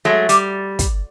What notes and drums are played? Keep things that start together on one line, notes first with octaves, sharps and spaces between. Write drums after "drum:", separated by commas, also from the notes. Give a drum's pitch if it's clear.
F#3 G#3 A3
G3, drum: hi-hat
drum: kick, hi-hat